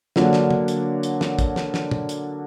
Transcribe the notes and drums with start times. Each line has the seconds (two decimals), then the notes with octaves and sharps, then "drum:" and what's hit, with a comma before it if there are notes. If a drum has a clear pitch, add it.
0.16 D3 F#3 A#3 D4, drum: snare
0.33 drum: snare
0.50 drum: tom
0.68 drum: hi-hat
1.03 drum: hi-hat
1.21 drum: snare
1.39 drum: kick, hi-hat
1.56 drum: snare
1.74 drum: snare
1.91 drum: tom
2.09 drum: hi-hat